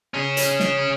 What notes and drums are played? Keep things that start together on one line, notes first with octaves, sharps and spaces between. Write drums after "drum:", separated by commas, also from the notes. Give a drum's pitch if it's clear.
C#4 G#4
drum: hi-hat
drum: snare